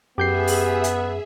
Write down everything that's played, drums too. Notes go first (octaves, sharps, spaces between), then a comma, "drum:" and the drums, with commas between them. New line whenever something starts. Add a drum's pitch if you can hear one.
F#2 B3 G4 G#4 E5 G6 C7
drum: open hi-hat
drum: hi-hat